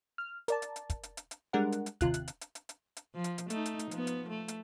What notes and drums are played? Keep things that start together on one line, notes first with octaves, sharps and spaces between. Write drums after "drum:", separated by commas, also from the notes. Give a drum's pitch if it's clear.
F6
A#4 D5 A5, drum: hi-hat
drum: hi-hat
drum: hi-hat
drum: kick, hi-hat
drum: hi-hat
drum: hi-hat
drum: hi-hat
G3 G#3 D4 A#4 F#5
drum: hi-hat
drum: hi-hat
D#2 C3 F4 F#6, drum: kick, hi-hat
drum: hi-hat
drum: hi-hat
drum: hi-hat
drum: hi-hat
drum: hi-hat
drum: hi-hat
F3
drum: hi-hat
drum: hi-hat
A3 D#4, drum: hi-hat
drum: hi-hat
drum: hi-hat
F3 B3, drum: hi-hat
drum: hi-hat
A3
drum: hi-hat